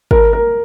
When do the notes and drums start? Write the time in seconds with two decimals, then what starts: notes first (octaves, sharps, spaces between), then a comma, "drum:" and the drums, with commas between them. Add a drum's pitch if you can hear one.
0.11 A#4, drum: kick G#1
0.33 A#4